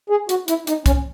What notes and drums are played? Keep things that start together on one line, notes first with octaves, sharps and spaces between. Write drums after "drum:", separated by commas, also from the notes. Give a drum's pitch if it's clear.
G#4
F#4, drum: hi-hat
E4, drum: hi-hat
D#4, drum: hi-hat
C#4, drum: kick C2, hi-hat